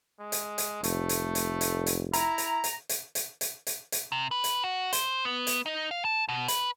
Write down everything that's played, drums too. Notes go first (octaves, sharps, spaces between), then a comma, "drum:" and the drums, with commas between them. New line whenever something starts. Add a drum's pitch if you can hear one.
G#3
drum: hi-hat
drum: hi-hat
F1 A3, drum: hi-hat
drum: hi-hat
drum: hi-hat
drum: hi-hat
drum: hi-hat
E4 A#5, drum: hi-hat
drum: hi-hat
drum: hi-hat
drum: hi-hat
drum: hi-hat
drum: hi-hat
drum: hi-hat
drum: hi-hat
C3
B4
drum: hi-hat
F#4
C5, drum: hi-hat
B3
drum: hi-hat
D#4
F5
A5
B2
B4, drum: hi-hat